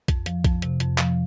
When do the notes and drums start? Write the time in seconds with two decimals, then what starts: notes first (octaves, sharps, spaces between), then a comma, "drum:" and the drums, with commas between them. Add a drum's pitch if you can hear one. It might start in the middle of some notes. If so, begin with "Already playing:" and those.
0.08 F2, drum: kick A#1, hi-hat
0.26 F3, drum: hi-hat
0.44 F2, drum: kick A#1, hi-hat
0.62 C3, drum: hi-hat
0.80 F2, drum: hi-hat
0.98 F3, drum: clap